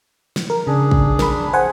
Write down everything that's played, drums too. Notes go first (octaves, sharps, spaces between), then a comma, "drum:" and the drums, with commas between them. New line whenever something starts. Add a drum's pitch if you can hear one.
drum: snare
A#4
C#3 D4 G#4
drum: kick
A#4 B5, drum: snare
C5 F#5 G#5